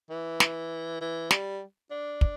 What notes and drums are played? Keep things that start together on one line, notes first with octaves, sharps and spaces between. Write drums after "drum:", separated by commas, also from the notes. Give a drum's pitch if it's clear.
E3
drum: snare
E3
G3, drum: snare
D4
drum: kick